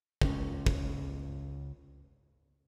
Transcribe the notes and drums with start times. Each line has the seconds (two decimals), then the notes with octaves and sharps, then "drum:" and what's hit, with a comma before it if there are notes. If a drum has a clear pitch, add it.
0.21 C#2 C#4, drum: kick
0.66 drum: kick